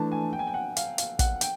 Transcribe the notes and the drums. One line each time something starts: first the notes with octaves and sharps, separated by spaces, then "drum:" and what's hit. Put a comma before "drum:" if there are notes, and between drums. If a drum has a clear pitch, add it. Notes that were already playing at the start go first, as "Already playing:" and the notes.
Already playing: E3 A3 D4 A5
G#5
G5
G#5
G5
F#5
F5, drum: hi-hat
F5, drum: hi-hat
F#5, drum: kick, hi-hat
G5, drum: hi-hat